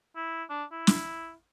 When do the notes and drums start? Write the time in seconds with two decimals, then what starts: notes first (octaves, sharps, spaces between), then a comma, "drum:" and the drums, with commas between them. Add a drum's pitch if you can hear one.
0.16 E4
0.50 D4
0.72 E4
0.87 drum: snare